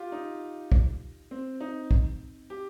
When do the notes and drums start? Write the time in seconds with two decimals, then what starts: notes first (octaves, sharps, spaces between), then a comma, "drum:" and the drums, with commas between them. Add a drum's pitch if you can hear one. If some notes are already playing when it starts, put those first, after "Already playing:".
Already playing: F4 G4
0.12 D#4
0.72 drum: kick
1.31 C4
1.61 D#4
1.91 drum: kick
2.50 G4